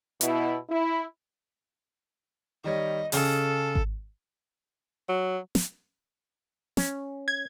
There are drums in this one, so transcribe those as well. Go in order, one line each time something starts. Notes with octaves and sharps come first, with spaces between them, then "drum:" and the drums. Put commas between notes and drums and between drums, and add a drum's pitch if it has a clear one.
B2 E4, drum: hi-hat
E4
D#3 G3 C#5 D#5
C#3 G#4 A4, drum: open hi-hat
drum: kick G#1
F#3
drum: snare
C#4, drum: snare
G#6